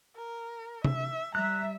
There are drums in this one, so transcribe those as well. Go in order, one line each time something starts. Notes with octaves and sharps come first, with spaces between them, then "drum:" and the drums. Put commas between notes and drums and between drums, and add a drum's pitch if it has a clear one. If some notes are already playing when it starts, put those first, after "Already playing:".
A#4
E5, drum: tom C3
G3 E5 A#5 F#6